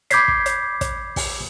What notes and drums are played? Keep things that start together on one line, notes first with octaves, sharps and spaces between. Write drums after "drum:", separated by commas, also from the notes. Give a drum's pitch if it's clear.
B5 D6 G6 G#6 B6 C7, drum: hi-hat
drum: kick
drum: hi-hat
drum: kick, hi-hat
drum: kick, open hi-hat